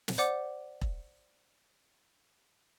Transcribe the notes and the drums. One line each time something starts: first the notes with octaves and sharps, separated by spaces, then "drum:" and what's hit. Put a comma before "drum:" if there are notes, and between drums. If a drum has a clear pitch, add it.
drum: snare
C5 D5 F#5 D6
drum: kick E1